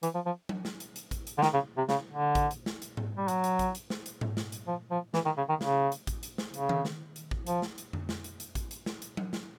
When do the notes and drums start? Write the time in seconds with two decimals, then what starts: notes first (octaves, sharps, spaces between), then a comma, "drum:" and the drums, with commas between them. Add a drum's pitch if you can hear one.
0.03 E3, drum: hi-hat
0.15 F3
0.26 F3
0.49 drum: tom F#3
0.65 drum: snare
0.80 drum: hi-hat
0.96 drum: hi-hat
1.11 drum: kick A1, hi-hat
1.27 drum: hi-hat
1.38 D3
1.42 D#3, drum: snare
1.54 C#3
1.77 C3
1.89 C#3, drum: snare
2.12 D3
2.35 drum: kick A1, hi-hat
2.51 drum: hi-hat
2.66 drum: snare
2.82 drum: hi-hat
2.97 drum: tom G#2
3.17 G3
3.28 F#3, drum: hi-hat
3.44 drum: hi-hat
3.59 drum: kick A1, hi-hat
3.75 drum: hi-hat
3.90 drum: snare
4.06 drum: hi-hat
4.21 drum: tom G#2
4.37 drum: snare
4.52 drum: hi-hat
4.67 F3
4.91 F3
5.14 E3, drum: snare
5.26 D#3
5.37 C#3
5.49 D#3
5.61 C#3, drum: snare
5.92 drum: hi-hat
6.07 drum: kick A1, hi-hat
6.23 drum: hi-hat
6.38 drum: snare
6.54 C#3, drum: hi-hat
6.69 drum: tom D#3
6.85 drum: snare
7.16 drum: hi-hat
7.31 drum: kick A1
7.47 F3, drum: hi-hat
7.62 drum: snare
7.78 drum: hi-hat
7.93 drum: tom F2
8.09 drum: snare
8.24 drum: hi-hat
8.40 drum: hi-hat
8.55 drum: kick A1, hi-hat
8.71 drum: hi-hat
8.86 drum: snare
9.02 drum: hi-hat
9.17 drum: tom F#3
9.33 drum: snare